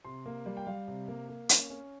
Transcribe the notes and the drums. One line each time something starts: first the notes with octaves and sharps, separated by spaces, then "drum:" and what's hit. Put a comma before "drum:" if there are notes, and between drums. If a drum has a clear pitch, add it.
C3 C6
A#3
G3
G5
G3 F5
C3
A#3
A#3
C#4, drum: hi-hat
C#4